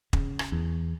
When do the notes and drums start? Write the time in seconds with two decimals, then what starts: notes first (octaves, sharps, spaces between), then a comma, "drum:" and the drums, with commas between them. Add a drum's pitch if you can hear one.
0.13 C#3, drum: kick
0.39 drum: rim click
0.52 E2